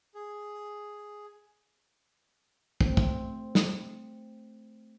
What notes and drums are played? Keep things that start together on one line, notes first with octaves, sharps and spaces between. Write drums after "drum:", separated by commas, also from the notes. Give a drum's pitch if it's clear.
G#4
A3 C4, drum: kick
drum: kick
drum: snare